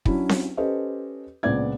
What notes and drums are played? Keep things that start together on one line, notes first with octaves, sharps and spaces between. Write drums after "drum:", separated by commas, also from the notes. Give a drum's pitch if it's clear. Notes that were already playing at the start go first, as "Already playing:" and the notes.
F#3 C#4 D4 E4, drum: kick
drum: snare C4
C#4 G4 A4 B4 C5 D#5
C#2 A#2 B3 C4 D5 G#6